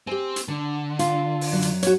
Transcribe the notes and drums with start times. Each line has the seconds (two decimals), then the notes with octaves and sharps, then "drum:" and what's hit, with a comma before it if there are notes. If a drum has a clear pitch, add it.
0.07 C4 G4 G#5
0.36 drum: hi-hat
0.48 D3 D4
0.99 F4, drum: hi-hat
1.41 drum: open hi-hat
1.53 F#2 F#3 D5
1.62 drum: hi-hat
1.82 F#4 C#5, drum: hi-hat